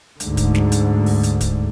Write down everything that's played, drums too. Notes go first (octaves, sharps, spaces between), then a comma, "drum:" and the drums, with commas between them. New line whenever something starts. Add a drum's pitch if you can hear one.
D2 G#2 D3, drum: hi-hat
drum: kick, hi-hat
drum: snare
drum: hi-hat
drum: open hi-hat
drum: hi-hat
drum: kick, hi-hat